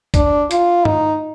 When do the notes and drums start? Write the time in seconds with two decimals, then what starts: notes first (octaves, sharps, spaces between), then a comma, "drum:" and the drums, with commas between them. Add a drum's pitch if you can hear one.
0.14 D4, drum: kick, hi-hat
0.51 F4, drum: hi-hat
0.85 D#4, drum: tom G2